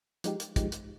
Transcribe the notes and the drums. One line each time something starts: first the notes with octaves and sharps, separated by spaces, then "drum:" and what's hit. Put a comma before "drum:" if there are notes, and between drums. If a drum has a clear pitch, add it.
F3 G#3 D#4 G4, drum: hi-hat
drum: hi-hat
F3 G#3 D#4 G4, drum: kick, hi-hat
drum: hi-hat